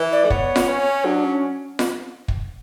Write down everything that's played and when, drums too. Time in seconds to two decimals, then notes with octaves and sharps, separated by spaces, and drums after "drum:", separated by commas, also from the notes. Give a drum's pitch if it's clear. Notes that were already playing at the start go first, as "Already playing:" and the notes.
Already playing: E3
0.12 D5
0.24 A3
0.30 B3 C#5, drum: kick
0.56 drum: snare F4
0.68 C#4
1.05 F#3 D4
1.24 C#4
1.79 drum: snare F4
2.28 drum: kick